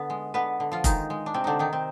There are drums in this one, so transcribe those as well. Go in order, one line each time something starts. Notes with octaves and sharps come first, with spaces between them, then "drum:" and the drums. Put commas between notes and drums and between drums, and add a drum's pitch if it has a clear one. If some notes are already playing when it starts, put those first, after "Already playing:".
Already playing: D3 B3 B4
G#3
D3 B3 B4
D3
F3 F4
D#3 G#3 D#4, drum: kick F1, hi-hat
G#3
D4
C3 C4
D3 D4 D#4
C3 D#3 D#4
C4